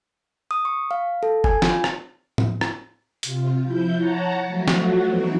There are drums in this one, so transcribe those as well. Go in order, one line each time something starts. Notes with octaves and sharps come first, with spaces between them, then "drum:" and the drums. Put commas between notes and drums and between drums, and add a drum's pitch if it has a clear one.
D#6
C#6
F5
A4
G#5, drum: kick F#1
F4, drum: snare
drum: rim click
drum: tom
drum: rim click
C3 F4, drum: hi-hat
F3 E4 G6
C#5 F#5 A5 A#5
F3 F#3 A3 F#4
drum: snare
E3 B3 C4 D#4 E4 F#4